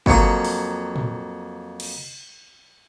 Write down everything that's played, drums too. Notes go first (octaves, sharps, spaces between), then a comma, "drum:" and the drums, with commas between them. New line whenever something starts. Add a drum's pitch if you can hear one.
F2 F#3 A#3 C#6 D#6, drum: kick
drum: open hi-hat
drum: tom A2
drum: cymbal